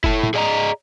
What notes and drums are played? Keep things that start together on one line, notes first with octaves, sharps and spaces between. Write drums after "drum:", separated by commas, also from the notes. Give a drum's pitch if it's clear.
E4 A4, drum: kick F1
drum: tom
G#4 D5 D#5 A5 A#5